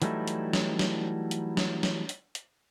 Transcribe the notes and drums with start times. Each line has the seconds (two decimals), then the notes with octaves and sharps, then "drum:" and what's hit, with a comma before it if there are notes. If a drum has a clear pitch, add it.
0.02 E3 F#3 G3 A3 D#4 E4, drum: hi-hat
0.28 drum: hi-hat
0.53 drum: snare
0.79 drum: snare
1.31 drum: hi-hat
1.57 drum: snare
1.83 drum: snare
2.09 drum: hi-hat
2.35 drum: hi-hat